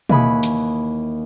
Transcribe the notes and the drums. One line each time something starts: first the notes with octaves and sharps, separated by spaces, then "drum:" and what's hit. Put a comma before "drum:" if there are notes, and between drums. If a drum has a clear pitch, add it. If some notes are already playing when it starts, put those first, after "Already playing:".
D#2 E3 G#5 B5 C#6 D#6, drum: tom B2
drum: hi-hat